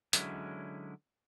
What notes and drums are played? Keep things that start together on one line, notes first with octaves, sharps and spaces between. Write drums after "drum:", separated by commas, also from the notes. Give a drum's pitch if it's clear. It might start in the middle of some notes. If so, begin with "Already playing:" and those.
D3 F#3 G#3 C#4 E4, drum: hi-hat